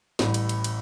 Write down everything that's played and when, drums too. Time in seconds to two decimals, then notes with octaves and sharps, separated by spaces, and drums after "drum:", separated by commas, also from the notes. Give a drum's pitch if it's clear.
0.19 A1 A2 G3, drum: snare
0.34 drum: cymbal
0.49 drum: cymbal
0.64 drum: cymbal